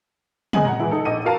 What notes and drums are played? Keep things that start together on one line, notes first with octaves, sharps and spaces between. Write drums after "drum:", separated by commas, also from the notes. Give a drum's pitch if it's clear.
F#1 G#3 D#5 G#5 F#7, drum: tom
F#5 A#5
E3 G#3 E4
D#4 A4
A#1 D#5 E6 D#7
F#4 A#4 F5 A5 A#5